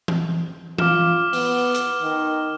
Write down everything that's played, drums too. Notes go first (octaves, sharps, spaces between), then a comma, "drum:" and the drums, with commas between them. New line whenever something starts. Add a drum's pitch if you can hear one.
drum: tom E3
F4 D6 F6 E7, drum: tom E3
B3 G7, drum: open hi-hat
drum: hi-hat
D#3